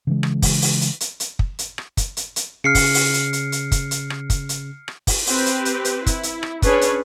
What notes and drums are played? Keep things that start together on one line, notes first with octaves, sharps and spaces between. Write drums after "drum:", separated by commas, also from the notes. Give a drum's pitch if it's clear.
C#3 E3 G#3
drum: rim click
drum: kick, open hi-hat
drum: open hi-hat
drum: hi-hat
drum: hi-hat
drum: hi-hat
drum: kick
drum: hi-hat
drum: rim click
drum: kick, hi-hat
drum: hi-hat
drum: hi-hat
C#3 F6 C7 C#7
drum: kick, open hi-hat
drum: open hi-hat
drum: hi-hat
drum: hi-hat
drum: hi-hat
drum: kick, hi-hat
drum: hi-hat
drum: rim click
drum: kick, hi-hat
drum: hi-hat
drum: rim click
drum: kick, open hi-hat
C4 G4 B4 C5, drum: open hi-hat
drum: hi-hat
drum: hi-hat
drum: hi-hat
E4, drum: kick, hi-hat
drum: hi-hat
drum: rim click
C#4 D4 G#4 B4 C#5, drum: kick, hi-hat
drum: hi-hat